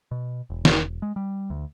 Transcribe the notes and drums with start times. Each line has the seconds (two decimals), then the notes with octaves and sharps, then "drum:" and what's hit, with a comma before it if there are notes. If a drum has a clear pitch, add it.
0.11 B2
0.50 E1
0.65 drum: snare
1.02 G#3
1.16 G3
1.50 D2